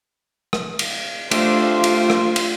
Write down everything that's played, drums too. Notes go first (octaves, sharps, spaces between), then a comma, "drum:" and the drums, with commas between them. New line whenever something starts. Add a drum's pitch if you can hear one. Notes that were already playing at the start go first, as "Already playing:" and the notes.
drum: rim click
drum: cymbal
A3 D4 F4 G4 C5, drum: cymbal
drum: cymbal
drum: rim click
drum: cymbal